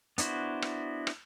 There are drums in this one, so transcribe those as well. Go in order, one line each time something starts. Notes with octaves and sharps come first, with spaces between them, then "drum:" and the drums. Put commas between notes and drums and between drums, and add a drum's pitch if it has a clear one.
B3 D4 E4 F#4 C5, drum: hi-hat
drum: rim click
drum: rim click